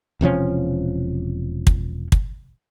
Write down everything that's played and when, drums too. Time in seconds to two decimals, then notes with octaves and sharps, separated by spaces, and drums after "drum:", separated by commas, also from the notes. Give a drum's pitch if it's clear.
0.21 E1 C3 F3 C#4
1.67 drum: kick
2.12 drum: kick